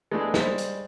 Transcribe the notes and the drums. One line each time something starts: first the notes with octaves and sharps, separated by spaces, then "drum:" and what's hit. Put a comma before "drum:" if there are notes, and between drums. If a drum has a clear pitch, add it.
G#3 A3 B3 D4 E4 G#4
G3 G#3 C5, drum: snare
drum: hi-hat